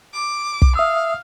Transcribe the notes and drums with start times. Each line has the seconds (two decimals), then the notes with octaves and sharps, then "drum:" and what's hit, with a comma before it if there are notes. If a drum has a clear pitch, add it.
0.13 D6
0.62 drum: kick
0.76 E5 F5 D#6 E6